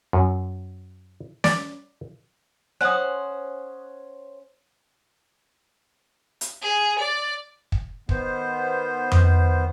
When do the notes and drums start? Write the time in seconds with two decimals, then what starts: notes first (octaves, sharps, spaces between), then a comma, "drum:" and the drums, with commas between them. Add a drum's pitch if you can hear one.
0.13 F#2
1.44 D5, drum: snare
2.81 C#4 C5 F#5 D#6 F#6
6.41 drum: hi-hat
6.62 G#4
6.99 D5
7.72 drum: kick
8.09 D#3 B3 C5, drum: kick
9.12 drum: tom F2